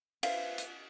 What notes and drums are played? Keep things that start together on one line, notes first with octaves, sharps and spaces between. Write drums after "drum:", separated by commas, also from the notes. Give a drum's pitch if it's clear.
B4 C5 E5 F5, drum: cymbal
drum: hi-hat